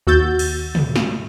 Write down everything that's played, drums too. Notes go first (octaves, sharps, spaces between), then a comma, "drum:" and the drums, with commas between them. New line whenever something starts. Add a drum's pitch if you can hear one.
D#2 F#4 E6 G6 A6
drum: cymbal
drum: tom
drum: snare